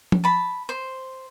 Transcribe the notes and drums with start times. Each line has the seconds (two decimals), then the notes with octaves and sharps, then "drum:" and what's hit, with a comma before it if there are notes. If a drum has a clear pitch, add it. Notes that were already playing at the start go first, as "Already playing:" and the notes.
0.12 drum: tom F3
0.24 A5 B5
0.69 C5